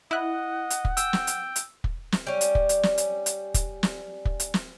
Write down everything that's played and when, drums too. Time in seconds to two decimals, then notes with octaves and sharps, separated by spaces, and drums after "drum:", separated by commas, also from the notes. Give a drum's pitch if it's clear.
0.11 E4 D#5 F#5 F#6
0.70 drum: hi-hat
0.85 drum: kick
0.97 G5 E6, drum: hi-hat
1.13 drum: snare
1.27 drum: hi-hat
1.56 drum: hi-hat
1.84 drum: kick
2.12 drum: snare
2.27 G3 C#4
2.41 drum: hi-hat
2.55 drum: kick
2.69 drum: hi-hat
2.83 drum: snare
2.98 drum: hi-hat
3.26 drum: hi-hat
3.54 drum: kick, hi-hat
3.83 drum: snare
4.25 drum: kick
4.40 drum: hi-hat
4.54 drum: snare